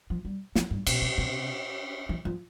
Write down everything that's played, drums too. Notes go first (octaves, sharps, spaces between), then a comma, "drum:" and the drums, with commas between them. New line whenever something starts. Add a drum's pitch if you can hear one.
F3
G3
F3, drum: snare
G2
B2, drum: cymbal
C3
C3
E3
F3